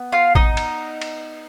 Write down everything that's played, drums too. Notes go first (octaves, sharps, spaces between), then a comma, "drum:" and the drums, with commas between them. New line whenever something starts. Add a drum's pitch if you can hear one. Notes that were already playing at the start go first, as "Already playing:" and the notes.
Already playing: B3
F4 F5
D#4 D#5, drum: kick A1
drum: cymbal
drum: cymbal